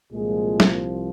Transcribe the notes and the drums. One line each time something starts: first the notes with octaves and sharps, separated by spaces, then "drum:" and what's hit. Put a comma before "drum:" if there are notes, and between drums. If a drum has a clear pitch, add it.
C2 A#2 F3 G#3 G#4
drum: snare